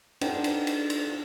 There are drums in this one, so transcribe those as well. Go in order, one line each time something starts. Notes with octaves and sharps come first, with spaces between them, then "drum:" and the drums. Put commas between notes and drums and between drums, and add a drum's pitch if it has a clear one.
D4 D#4 B4 C5 F#5 G5, drum: cymbal
drum: cymbal
drum: cymbal
drum: cymbal